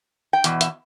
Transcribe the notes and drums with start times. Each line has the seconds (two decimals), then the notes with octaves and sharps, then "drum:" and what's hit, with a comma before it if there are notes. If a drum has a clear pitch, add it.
0.33 G5
0.44 E2 B2, drum: hi-hat
0.61 E5, drum: hi-hat